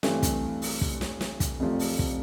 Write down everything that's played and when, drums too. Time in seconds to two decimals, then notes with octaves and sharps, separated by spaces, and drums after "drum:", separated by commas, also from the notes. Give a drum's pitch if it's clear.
0.03 G2 E3 A3 C4, drum: snare
0.23 drum: kick, hi-hat
0.62 drum: open hi-hat
0.81 drum: kick
1.01 drum: snare
1.21 drum: snare
1.40 drum: kick, hi-hat
1.60 F1 F2 C3 F3 A3
1.79 drum: open hi-hat
1.99 drum: kick